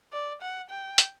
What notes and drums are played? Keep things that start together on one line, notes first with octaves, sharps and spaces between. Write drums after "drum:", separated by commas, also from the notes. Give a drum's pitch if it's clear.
D5
F#5
G5
drum: hi-hat